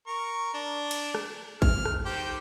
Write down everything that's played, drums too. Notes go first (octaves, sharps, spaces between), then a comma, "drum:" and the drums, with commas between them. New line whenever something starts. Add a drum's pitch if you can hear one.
A#4 C#6
D4
drum: cymbal
drum: rim click
F6, drum: kick
drum: rim click
D#3 G4 C5